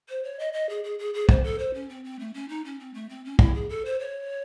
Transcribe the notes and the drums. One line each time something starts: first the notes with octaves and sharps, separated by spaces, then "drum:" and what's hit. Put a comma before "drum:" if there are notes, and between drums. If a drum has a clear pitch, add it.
C5
C#5
D#5
D#5
G#4
G#4
G#4
G#4
C5, drum: kick
A4
C5
C#4
C4
C4
A3
C#4
D#4
C#4
C4
A3
C4
C#4
E4, drum: kick
G#4
A4
C5
C#5